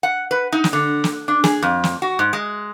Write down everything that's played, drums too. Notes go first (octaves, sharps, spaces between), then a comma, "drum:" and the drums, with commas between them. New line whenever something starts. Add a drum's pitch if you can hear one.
F#5
B4
D#4
drum: snare
D3
drum: snare
D4
G#4, drum: snare
F2
drum: snare
F#4
G#2
G#3